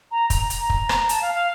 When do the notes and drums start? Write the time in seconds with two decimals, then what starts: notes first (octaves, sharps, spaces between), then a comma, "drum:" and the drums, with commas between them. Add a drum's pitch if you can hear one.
0.11 A#5
0.30 A#5, drum: kick, hi-hat
0.50 drum: hi-hat
0.70 drum: kick
0.89 drum: rim click
1.09 A5, drum: hi-hat
1.21 F5
1.35 F5